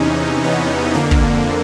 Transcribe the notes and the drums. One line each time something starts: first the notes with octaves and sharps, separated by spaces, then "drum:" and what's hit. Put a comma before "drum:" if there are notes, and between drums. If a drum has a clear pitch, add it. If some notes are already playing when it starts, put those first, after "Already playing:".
Already playing: E2 C3 E3 C#4 D#4
B3
F2 D3 A#3
drum: kick